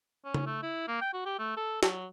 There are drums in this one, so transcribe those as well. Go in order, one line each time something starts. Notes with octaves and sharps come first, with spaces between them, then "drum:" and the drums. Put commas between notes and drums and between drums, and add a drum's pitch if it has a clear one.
C#4
drum: tom C#3
A3
E4
A#3
G5
F#4
G4
A3
A4
F#3, drum: snare